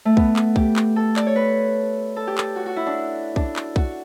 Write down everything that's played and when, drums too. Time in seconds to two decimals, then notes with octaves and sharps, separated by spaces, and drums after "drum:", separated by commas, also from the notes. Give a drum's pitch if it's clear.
0.05 A3
0.17 B3, drum: kick
0.36 drum: clap
0.56 G4, drum: kick
0.76 drum: clap
0.96 A4
1.16 D5, drum: clap
1.26 C#5
1.36 B4
2.16 A4
2.27 G4
2.38 A4, drum: clap
2.56 F#4
2.66 F#4
2.76 E4
2.87 D4
3.36 D4, drum: kick
3.56 drum: clap
3.76 F#4, drum: kick